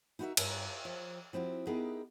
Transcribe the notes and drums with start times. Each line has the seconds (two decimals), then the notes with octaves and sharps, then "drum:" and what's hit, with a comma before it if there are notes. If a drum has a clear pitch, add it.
0.19 D#4 E4 F#4 G4 A#4 E5
0.37 G2, drum: cymbal
0.85 F3
1.33 F3 C4 E4 F#4
1.67 B3 D#4 E4 G4 G#4 A#4